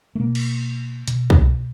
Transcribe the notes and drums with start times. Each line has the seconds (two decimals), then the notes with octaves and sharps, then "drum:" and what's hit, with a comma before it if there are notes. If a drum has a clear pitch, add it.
0.15 A3
0.19 B2 A#3
0.35 drum: cymbal
1.08 B2, drum: hi-hat
1.30 drum: kick